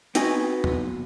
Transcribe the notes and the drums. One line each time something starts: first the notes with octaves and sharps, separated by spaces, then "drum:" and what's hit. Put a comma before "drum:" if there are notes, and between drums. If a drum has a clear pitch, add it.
B3 C4 D#4 F#4 D#5 G#5, drum: hi-hat
drum: tom E2